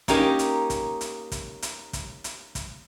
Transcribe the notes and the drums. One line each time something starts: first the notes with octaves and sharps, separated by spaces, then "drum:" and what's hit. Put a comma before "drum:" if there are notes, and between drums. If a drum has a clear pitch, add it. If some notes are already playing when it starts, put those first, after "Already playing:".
A#3 C#4 D#4 G4 A#4, drum: kick, hi-hat
drum: hi-hat
drum: kick, hi-hat
drum: hi-hat
drum: kick, hi-hat
drum: hi-hat
drum: kick, hi-hat
drum: hi-hat
drum: kick, hi-hat